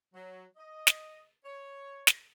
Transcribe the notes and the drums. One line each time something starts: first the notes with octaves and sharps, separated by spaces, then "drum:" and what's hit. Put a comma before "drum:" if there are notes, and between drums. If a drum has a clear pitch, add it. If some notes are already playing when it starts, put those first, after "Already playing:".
F#3
D#5
drum: snare
C#5
drum: snare